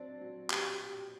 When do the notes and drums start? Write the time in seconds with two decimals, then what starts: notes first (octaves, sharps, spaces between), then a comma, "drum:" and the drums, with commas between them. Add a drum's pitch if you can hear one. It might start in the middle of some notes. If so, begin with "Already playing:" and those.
Already playing: F#3 C4 D4
0.21 F#3
0.50 G4, drum: clap
0.78 G4